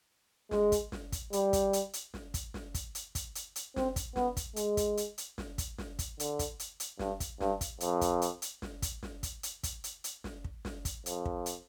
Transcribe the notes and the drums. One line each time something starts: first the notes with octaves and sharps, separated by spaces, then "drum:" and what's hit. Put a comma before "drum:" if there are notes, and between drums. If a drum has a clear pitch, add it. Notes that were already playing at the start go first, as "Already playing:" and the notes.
G#3, drum: snare
drum: kick, hi-hat
drum: snare
drum: kick, hi-hat
G3, drum: hi-hat
drum: kick, hi-hat
drum: hi-hat
drum: hi-hat
drum: snare
drum: kick, hi-hat
drum: snare
drum: kick, hi-hat
drum: hi-hat
drum: kick, hi-hat
drum: hi-hat
drum: hi-hat
C4, drum: snare
drum: kick, hi-hat
B3, drum: snare
drum: kick, hi-hat
G#3, drum: hi-hat
drum: kick, hi-hat
drum: hi-hat
drum: hi-hat
drum: snare
drum: kick, hi-hat
drum: snare
drum: kick, hi-hat
D3, drum: hi-hat
drum: kick, hi-hat
drum: hi-hat
drum: hi-hat
G2, drum: snare
drum: kick, hi-hat
G2, drum: snare
drum: kick, hi-hat
F2, drum: hi-hat
drum: kick, hi-hat
drum: hi-hat
drum: hi-hat
drum: snare
drum: kick, hi-hat
drum: snare
drum: kick, hi-hat
drum: hi-hat
drum: kick, hi-hat
drum: hi-hat
drum: hi-hat
drum: snare
drum: kick
drum: snare
drum: kick, hi-hat
F2, drum: hi-hat
drum: kick
drum: hi-hat